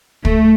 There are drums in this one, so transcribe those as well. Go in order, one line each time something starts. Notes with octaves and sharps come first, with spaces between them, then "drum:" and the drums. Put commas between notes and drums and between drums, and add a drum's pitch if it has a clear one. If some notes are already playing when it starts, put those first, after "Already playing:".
A3, drum: kick